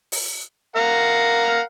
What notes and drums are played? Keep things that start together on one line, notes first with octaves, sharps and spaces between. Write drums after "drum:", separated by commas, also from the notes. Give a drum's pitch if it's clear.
drum: open hi-hat
A#4 F5 F#5